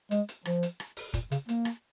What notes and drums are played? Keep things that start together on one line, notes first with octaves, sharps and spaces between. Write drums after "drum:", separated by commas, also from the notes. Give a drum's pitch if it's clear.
G#3, drum: hi-hat
drum: hi-hat
F3, drum: rim click
drum: hi-hat
drum: rim click
drum: open hi-hat
A#2, drum: kick, hi-hat
C#3, drum: hi-hat
A#3, drum: hi-hat
drum: rim click